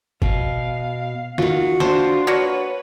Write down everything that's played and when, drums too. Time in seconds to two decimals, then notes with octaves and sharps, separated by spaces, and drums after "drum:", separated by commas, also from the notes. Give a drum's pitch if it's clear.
0.22 B2 F5, drum: kick
1.38 D#3 F4 F#4, drum: snare
1.80 D4 F4 C5 A5, drum: snare
2.27 A#3 D4 F#4 B4 C#5